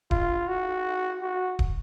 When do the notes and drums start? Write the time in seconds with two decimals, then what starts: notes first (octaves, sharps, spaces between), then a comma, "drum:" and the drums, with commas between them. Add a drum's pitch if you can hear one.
0.11 F4, drum: kick D1
0.48 F#4
1.22 F#4
1.59 drum: kick D1